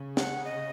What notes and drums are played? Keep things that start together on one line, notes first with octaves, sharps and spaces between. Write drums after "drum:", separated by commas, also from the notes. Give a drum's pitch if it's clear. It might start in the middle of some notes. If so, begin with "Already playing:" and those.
Already playing: C#3
F#5, drum: snare
D#5